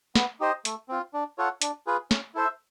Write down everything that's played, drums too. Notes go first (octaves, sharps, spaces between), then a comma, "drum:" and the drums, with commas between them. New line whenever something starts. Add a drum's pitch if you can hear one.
B3, drum: snare
D#4 G4 C5 D#5
A3, drum: hi-hat
C4 F4
D4
F4 A4 C#5 F#5
D4, drum: hi-hat
F4 G#4 B4
C#4, drum: snare
E4 A4 C5 E5